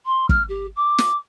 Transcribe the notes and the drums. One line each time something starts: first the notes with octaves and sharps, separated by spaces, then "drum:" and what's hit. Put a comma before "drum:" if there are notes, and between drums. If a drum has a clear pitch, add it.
C6
F6, drum: kick
G4
D6
drum: snare